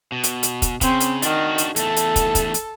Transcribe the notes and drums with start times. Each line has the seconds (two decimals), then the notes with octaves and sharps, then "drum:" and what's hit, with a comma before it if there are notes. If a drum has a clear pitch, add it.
0.12 B2
0.23 drum: hi-hat
0.43 drum: hi-hat
0.62 drum: kick, hi-hat
0.81 C#3 C4, drum: kick, hi-hat
1.00 drum: hi-hat
1.22 D#3 D4 F#4, drum: hi-hat
1.58 drum: hi-hat
1.76 E2 A3 A4, drum: hi-hat
1.96 drum: hi-hat
2.16 drum: kick, hi-hat
2.35 drum: kick, hi-hat
2.54 drum: hi-hat